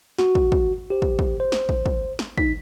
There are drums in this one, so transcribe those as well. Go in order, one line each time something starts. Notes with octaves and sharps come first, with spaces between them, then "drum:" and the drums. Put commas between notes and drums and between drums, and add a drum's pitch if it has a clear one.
F#4, drum: snare
drum: kick
drum: kick
G4 C5
drum: kick
drum: kick
C5
drum: snare
drum: kick
drum: kick
drum: snare
D#4 B6, drum: kick